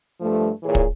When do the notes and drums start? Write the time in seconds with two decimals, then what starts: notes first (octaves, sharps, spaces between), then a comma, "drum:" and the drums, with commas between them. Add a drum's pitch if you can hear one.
0.21 G2 F3 A3
0.63 A#2 E3 G#4 C#5
0.75 drum: kick